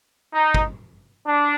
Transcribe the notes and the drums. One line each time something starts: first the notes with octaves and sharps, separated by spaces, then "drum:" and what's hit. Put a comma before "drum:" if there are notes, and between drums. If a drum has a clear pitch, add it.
D#4
drum: kick
D4